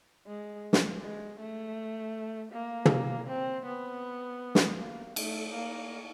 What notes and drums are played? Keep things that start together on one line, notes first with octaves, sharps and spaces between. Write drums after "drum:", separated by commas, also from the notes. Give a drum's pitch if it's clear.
G#3
drum: snare
G#3
A3
A#3
drum: tom
C4
B3
drum: snare
A#3
A3, drum: cymbal
A#3